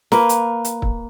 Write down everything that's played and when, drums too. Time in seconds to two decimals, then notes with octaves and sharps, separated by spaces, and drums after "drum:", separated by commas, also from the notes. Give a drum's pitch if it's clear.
0.12 A#3 B4, drum: snare
0.29 drum: hi-hat
0.65 drum: hi-hat
0.82 drum: kick